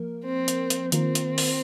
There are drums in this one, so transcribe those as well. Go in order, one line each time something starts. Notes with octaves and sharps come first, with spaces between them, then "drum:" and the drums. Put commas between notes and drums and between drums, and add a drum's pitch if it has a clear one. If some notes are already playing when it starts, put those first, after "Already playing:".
Already playing: F3 A#3 A#4
C4
drum: hi-hat
drum: hi-hat
D#3 A#3 C4 F4 A#4, drum: hi-hat
drum: hi-hat
drum: open hi-hat